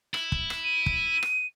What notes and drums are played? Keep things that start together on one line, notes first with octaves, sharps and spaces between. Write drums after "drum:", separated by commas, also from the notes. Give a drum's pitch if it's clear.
E4, drum: rim click
drum: kick
drum: rim click
D#7
drum: kick
drum: rim click